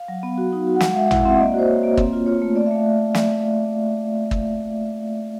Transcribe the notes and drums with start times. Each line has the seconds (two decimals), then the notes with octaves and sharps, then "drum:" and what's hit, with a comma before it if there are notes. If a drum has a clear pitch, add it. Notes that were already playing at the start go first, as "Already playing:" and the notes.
Already playing: F5
0.08 F#3
0.23 B3
0.38 F#4
0.53 D#4
0.67 F#4
0.75 F#5
0.80 G#3 F5, drum: snare
0.96 G#3 E5
1.11 E4 F#5, drum: tom A1
1.20 F5
1.25 C4 E5
1.40 A#3 D#5
1.49 D5
1.54 F#4 C5
1.69 A#3 C#5
1.83 A#3
1.98 C4, drum: kick
2.13 F4
2.26 F4 C#5
2.42 A3
2.56 A3 D5
2.66 E5
2.71 A3 F5
3.15 drum: snare
4.31 drum: kick